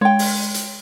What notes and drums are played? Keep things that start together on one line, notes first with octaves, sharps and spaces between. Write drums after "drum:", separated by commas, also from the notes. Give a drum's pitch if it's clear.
G#3 C#5 G5 C6
drum: open hi-hat
drum: hi-hat